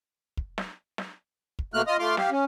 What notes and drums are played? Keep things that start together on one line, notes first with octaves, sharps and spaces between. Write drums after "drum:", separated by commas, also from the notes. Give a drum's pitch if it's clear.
drum: kick
drum: snare
drum: snare
drum: kick
B2 A3 A#3 F6 F#6
F4 D#5 D#6 F6
A3 F4 C6 D6 F6
G4 F5, drum: snare
C#4